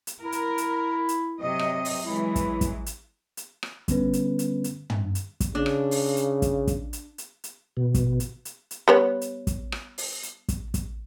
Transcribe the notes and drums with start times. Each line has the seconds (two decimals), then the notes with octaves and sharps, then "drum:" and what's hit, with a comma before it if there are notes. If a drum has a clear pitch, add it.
0.07 drum: hi-hat
0.22 E4 A#4
0.32 drum: hi-hat
0.58 drum: hi-hat
1.09 drum: hi-hat
1.38 C3 F#3 D#5
1.59 drum: rim click
1.85 drum: open hi-hat
2.04 E3 F#3 G#3 E4
2.36 drum: kick, hi-hat
2.61 drum: kick, hi-hat
2.86 drum: hi-hat
3.37 drum: hi-hat
3.63 drum: rim click
3.88 D3 G3 B3 C#4 B4, drum: kick, hi-hat
4.13 drum: hi-hat
4.39 drum: hi-hat
4.64 drum: hi-hat
4.90 drum: tom
5.15 drum: hi-hat
5.40 drum: kick, hi-hat
5.55 C#3 D4
5.66 drum: rim click
5.91 drum: open hi-hat
6.17 drum: hi-hat
6.42 drum: kick, hi-hat
6.67 drum: kick, hi-hat
6.93 drum: hi-hat
7.18 drum: hi-hat
7.44 drum: hi-hat
7.77 B2
7.94 drum: kick, hi-hat
8.20 drum: hi-hat
8.45 drum: hi-hat
8.71 drum: hi-hat
8.88 G3 B3 C#5
9.21 drum: hi-hat
9.47 drum: kick, hi-hat
9.72 drum: rim click
9.98 drum: open hi-hat
10.23 drum: hi-hat
10.48 drum: kick, hi-hat
10.74 drum: kick, hi-hat